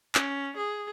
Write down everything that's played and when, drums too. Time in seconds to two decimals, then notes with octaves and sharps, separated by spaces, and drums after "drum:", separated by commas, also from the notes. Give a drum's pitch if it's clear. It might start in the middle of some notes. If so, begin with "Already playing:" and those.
0.15 C#4, drum: clap
0.57 G#4